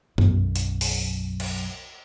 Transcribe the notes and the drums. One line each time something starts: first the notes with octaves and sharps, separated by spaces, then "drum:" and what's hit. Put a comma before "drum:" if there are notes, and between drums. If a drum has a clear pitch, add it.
B1 F#2, drum: tom G2
drum: hi-hat
drum: open hi-hat
drum: cymbal